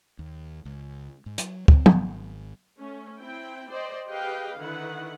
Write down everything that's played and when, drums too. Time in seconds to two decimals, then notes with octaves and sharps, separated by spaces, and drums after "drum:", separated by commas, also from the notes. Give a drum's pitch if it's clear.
0.19 D#2
0.65 C#2
1.26 G#2
1.38 F#3, drum: hi-hat
1.68 C4, drum: kick
1.86 G#1, drum: tom
2.79 A3 C#4
3.18 C4 E4 G5
3.70 C5 D5 D#5 G5
4.07 G4 G#4 B4 D#5 F5 G5
4.57 D3 D#3 E4 B4 F#5